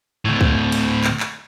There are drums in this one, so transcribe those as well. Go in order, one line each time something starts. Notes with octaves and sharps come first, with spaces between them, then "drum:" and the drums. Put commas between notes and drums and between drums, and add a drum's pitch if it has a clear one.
D2 A2
drum: kick
drum: cymbal
drum: clap
drum: clap